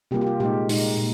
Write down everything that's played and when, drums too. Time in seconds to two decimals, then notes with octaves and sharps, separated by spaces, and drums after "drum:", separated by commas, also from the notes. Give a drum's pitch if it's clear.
0.11 C3 G3 A#3 F4 G4
0.21 G4
0.27 F4
0.40 A#2 G#3 D#4 G4
0.69 A#2 G#3 D#4, drum: open hi-hat
0.98 A#2